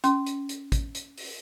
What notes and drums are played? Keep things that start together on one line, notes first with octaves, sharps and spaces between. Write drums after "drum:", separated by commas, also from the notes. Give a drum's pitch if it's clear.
C#4 C6, drum: hi-hat
drum: hi-hat
drum: hi-hat
drum: kick, hi-hat
drum: hi-hat
drum: open hi-hat